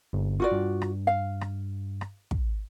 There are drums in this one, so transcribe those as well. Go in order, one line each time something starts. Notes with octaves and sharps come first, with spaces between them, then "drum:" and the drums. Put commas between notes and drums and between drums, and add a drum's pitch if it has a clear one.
G1
F4 F#4 D5
G2
drum: rim click
F5
drum: rim click
drum: rim click
drum: kick